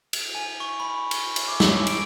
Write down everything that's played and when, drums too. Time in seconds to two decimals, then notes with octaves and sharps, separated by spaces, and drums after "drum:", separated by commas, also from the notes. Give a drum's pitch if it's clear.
0.13 F7, drum: cymbal
0.35 G#5
0.60 C#6
0.80 B5
1.11 G7, drum: cymbal
1.36 drum: cymbal
1.48 D6
1.60 E6, drum: snare
1.87 D7, drum: cymbal